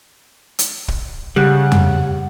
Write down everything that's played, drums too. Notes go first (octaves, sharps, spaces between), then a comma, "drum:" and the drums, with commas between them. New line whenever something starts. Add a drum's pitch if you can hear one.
drum: hi-hat
drum: kick
C#3 G3 G4 F#5 F#6
drum: tom F2